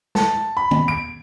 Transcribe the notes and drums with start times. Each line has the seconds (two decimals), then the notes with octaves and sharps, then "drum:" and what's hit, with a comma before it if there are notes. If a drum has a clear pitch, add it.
0.15 A5, drum: snare
0.57 B5
0.71 drum: tom
0.88 D7